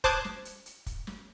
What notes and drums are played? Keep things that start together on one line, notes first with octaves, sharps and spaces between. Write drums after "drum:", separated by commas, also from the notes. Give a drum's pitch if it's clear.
C5 A5 D6 D#6 F#6 G#6, drum: kick, hi-hat
drum: snare
drum: hi-hat
drum: hi-hat
drum: kick, hi-hat
drum: snare